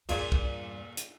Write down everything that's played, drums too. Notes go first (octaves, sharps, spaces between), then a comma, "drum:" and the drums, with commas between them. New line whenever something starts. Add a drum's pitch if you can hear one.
E2 G2 A#2 F4 G#4 D5, drum: cymbal
drum: kick
drum: hi-hat